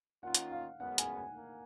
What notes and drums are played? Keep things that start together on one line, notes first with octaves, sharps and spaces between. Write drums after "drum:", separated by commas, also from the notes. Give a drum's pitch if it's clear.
D#3 A#3 C#4 F4 F#5
drum: hi-hat
F5
F#2 C#3 G#3 B3 F#5
G#5, drum: hi-hat
G#5
A#3